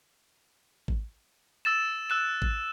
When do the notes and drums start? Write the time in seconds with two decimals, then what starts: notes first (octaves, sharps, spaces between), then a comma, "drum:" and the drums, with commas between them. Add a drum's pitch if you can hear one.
0.88 drum: kick
1.65 E6 A6 E7
2.10 E6 F#6 E7
2.42 drum: kick